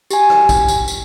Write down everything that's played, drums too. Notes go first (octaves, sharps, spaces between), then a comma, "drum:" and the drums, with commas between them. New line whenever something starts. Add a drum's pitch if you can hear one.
G4 G#5, drum: tambourine
drum: rim click
drum: kick, tambourine
drum: tambourine
drum: tambourine